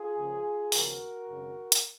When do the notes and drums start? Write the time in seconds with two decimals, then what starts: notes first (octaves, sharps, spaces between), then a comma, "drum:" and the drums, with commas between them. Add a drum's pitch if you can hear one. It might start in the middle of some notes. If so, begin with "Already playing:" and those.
Already playing: F4 G#4
0.17 C#2 C#3 F3 A#3
0.72 D#2 C#3 F3 B3 F#4 A#4, drum: open hi-hat
1.29 G#1 F#2 C#3
1.72 drum: hi-hat